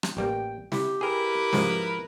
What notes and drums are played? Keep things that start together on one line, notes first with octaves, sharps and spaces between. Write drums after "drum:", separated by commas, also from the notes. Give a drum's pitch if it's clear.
drum: rim click
A1 G3 A#3 G5
E4 G4, drum: snare
E4 G#4 A#4 B4 G5
G#2 F3 G#3, drum: snare